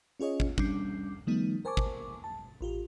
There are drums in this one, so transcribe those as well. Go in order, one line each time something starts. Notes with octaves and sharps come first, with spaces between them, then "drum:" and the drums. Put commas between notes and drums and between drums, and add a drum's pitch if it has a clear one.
C#4 F4 G#4 C#5 D#5
drum: kick
G3 C#4 D4 D6 G6 C7, drum: kick
D#3 F3 G3 A3 B3 D#4
A#4 C5 G#5 A5 C#6 D6
drum: kick
A5
A1 F4 G4